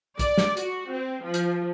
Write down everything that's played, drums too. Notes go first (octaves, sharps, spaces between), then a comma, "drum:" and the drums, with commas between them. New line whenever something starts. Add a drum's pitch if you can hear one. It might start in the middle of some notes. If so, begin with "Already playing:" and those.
D5, drum: kick, hi-hat
drum: snare
F#4, drum: hi-hat
C4
F3
drum: hi-hat